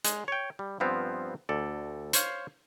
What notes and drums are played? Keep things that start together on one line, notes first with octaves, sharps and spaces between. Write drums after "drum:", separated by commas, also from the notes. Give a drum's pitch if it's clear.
G#3, drum: hi-hat
C#5 G5
G3
G2 F3 B3 C4 F5
D2 A4 D5
C5 C#5 F5, drum: hi-hat